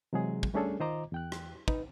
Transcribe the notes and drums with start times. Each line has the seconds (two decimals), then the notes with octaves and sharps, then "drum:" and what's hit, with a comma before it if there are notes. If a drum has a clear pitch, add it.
0.13 C3 E3 F#3 G#3 G#4
0.43 drum: kick
0.54 G3 A3 C#4 D4 G#4 A4
0.80 D#3 F4 C5 D#5 A#5 D6
1.12 E2 G5 F#6
1.32 drum: rim click
1.68 D#4 B4, drum: kick